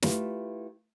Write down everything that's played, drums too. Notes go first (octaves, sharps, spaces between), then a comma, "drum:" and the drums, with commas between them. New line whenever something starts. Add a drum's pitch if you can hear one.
A3 E4 F4 G4 B4, drum: snare